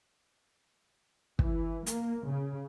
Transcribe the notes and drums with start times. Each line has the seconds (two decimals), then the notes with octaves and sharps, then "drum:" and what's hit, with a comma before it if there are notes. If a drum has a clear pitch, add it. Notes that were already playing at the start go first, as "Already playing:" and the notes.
1.39 E3, drum: kick
1.86 A#3, drum: hi-hat
2.25 C#3